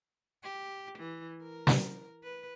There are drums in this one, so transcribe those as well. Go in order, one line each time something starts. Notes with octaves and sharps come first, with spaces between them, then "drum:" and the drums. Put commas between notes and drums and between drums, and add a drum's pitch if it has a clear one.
G4
E3
A#4
drum: snare
B4